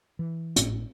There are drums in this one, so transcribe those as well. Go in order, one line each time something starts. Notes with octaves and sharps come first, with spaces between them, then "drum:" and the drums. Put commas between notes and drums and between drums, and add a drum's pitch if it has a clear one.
E3
G#1 A2, drum: hi-hat